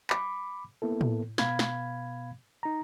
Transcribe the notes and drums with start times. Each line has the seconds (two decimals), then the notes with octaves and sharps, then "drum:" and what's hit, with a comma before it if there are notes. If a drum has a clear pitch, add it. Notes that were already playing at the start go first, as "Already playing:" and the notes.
0.10 B5 D6, drum: clap
0.82 A#3 B3 E4 A4
1.01 drum: tom A2
1.38 B2 B3 F5 B5 G#6, drum: snare
1.59 drum: snare
2.63 D#4 A#5